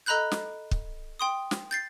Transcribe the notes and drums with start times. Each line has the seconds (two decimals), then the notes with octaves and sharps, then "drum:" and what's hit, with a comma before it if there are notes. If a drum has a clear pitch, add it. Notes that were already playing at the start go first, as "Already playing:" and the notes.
0.06 A4 D#5 A#5 B5 F#6 G6
0.32 drum: snare
0.71 drum: kick
1.19 G5 C6 D#6
1.51 drum: snare
1.71 G6 A6 C7